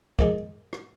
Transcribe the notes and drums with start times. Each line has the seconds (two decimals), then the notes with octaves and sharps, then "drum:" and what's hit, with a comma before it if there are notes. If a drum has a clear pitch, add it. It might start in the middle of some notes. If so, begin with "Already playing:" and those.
0.19 A#2 F3 G#3 D#4 G#4, drum: kick
0.73 drum: rim click